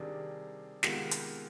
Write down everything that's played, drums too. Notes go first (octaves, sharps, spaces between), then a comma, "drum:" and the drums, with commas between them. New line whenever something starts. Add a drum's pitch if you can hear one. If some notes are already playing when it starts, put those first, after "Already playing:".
Already playing: C3 D#3 G3 D4 G#4
C3 D#3 G#3 B3 F4, drum: snare
drum: hi-hat